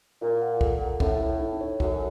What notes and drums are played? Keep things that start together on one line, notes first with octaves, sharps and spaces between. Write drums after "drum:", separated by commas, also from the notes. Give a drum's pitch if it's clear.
A#2 F4
F#5
A4, drum: kick
F#5
A2 C#4, drum: kick
A4
D#4
C#5
F#2 A4, drum: kick